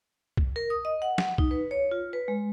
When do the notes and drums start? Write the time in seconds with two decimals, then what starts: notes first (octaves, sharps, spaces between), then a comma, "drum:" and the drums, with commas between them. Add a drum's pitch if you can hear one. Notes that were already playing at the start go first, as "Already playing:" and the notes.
0.37 drum: kick C2
0.56 A#4
0.70 D#6
0.85 D#5
1.02 F#5
1.18 drum: snare
1.38 D#4, drum: kick C2
1.51 B4
1.71 C#5
1.91 F4
2.13 B4
2.28 G#3